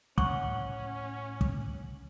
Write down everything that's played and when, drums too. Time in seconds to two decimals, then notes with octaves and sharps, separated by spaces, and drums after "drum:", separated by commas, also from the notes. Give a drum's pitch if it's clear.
0.18 A2 C#4 F#5 C#6, drum: kick
1.41 drum: kick